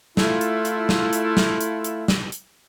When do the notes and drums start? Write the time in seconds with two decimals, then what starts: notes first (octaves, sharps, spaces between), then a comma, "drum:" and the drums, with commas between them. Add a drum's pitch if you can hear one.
0.17 A3 E4 F4, drum: snare
0.41 drum: hi-hat
0.65 drum: hi-hat
0.89 drum: snare
1.13 drum: hi-hat
1.37 drum: snare
1.61 drum: hi-hat
1.84 drum: hi-hat
2.08 drum: snare
2.32 drum: hi-hat